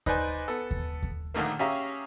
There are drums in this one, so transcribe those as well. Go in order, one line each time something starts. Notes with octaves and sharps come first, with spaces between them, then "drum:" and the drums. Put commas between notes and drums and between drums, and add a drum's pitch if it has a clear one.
D#4 B4 C5 D5 G#5, drum: kick D#2
B3 A4
drum: kick D#2
drum: kick D#2
A#1 D3 D#3 A3 A#3
C#4 G4 G#4 E5 F5 A#5